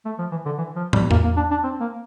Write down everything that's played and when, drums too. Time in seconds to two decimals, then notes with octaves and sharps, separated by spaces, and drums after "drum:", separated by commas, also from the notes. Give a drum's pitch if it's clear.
0.05 A3
0.18 F3
0.31 E3
0.46 D3
0.58 E3
0.76 F3
0.93 G3, drum: tom
1.11 A#3, drum: tom E2
1.24 A#3
1.36 D4
1.51 D4
1.64 C4
1.80 A#3